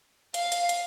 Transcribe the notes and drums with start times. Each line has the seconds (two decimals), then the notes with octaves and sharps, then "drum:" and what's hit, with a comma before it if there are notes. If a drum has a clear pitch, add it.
0.34 F5, drum: hi-hat
0.52 drum: hi-hat
0.69 drum: hi-hat